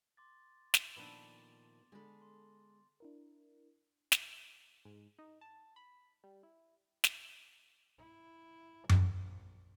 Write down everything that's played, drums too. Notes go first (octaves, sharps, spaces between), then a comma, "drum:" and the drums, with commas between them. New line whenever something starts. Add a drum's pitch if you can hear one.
C6 D6 A6
drum: snare
A#2 D#3 F3 B3 D4 A4
D3 G#3 A4 B5
C6
D4 E4 A#4
drum: snare
G#2
D#4
A5
B5
G3
E4
drum: snare
E4
A#1, drum: tom F#2